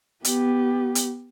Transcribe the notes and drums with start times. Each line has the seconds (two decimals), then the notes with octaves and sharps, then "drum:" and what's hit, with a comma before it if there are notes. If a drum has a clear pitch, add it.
0.25 B3 G4, drum: hi-hat
0.95 drum: hi-hat